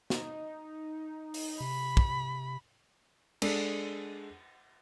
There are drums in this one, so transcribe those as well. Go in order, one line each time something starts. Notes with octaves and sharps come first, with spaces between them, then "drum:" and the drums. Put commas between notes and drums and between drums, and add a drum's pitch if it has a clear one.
D#4, drum: snare
drum: open hi-hat
C3 B5
drum: kick
G#3 D4 A4, drum: cymbal